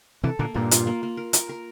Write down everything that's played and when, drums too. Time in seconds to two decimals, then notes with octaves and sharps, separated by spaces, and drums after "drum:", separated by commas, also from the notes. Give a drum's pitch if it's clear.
0.23 C3 E3 A4
0.39 A#2 D3 A#3
0.54 G2 A#2 A#3
0.71 F4, drum: hi-hat
0.87 A#3
1.03 A#3
1.17 A#4
1.33 A#4, drum: hi-hat
1.49 A#4